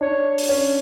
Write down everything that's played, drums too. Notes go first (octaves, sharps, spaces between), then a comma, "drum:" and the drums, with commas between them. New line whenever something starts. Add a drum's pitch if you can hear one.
D4 C#5
drum: open hi-hat
C#4